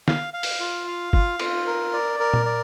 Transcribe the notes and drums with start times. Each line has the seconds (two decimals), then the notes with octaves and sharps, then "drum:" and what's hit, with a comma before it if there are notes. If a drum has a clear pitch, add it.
0.08 F5, drum: snare
0.34 F5
0.43 drum: open hi-hat
0.60 F4
0.87 F5
1.13 F4, drum: kick
1.40 F4, drum: cymbal
1.67 A#4
1.93 D5
2.20 A#4
2.33 drum: tom A#2
2.46 D5